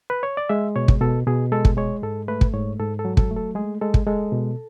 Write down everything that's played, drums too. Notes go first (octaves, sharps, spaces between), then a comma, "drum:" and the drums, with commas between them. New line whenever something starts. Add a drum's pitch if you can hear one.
B4
C#5
D5
G#3 E5
B2 C#5
drum: kick
B2 A4
B2 G#4
G#3 A4
drum: kick
G#3 C#5
G#2 A4
A3 B4
drum: kick
G#2 C#5
G#2 A4
A4
F#3
A4, drum: kick
A3
A4
G#3 G#4
G#3 A4
drum: kick
G#3 A4
B2